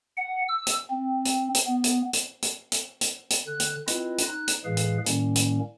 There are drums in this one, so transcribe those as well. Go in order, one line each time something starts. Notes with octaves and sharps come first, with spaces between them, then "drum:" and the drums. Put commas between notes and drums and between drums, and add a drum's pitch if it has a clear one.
F#5
E6
drum: hi-hat
C4
drum: hi-hat
drum: hi-hat
B3
drum: hi-hat
drum: hi-hat
drum: hi-hat
drum: hi-hat
drum: hi-hat
drum: hi-hat
D3 F#6
drum: hi-hat
C4 E4 F4 B4 D#5, drum: hi-hat
drum: hi-hat
D#4 F#6
drum: hi-hat
A2 E3 G#3 G#4 B4 F5
drum: hi-hat
A2 D#3 G3 A#3 C#4, drum: hi-hat
drum: hi-hat